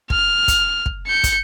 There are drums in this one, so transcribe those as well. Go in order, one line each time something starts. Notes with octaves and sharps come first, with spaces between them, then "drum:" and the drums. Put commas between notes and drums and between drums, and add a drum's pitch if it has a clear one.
F6, drum: kick
drum: kick, hi-hat
drum: kick
G6 C#7
drum: kick, hi-hat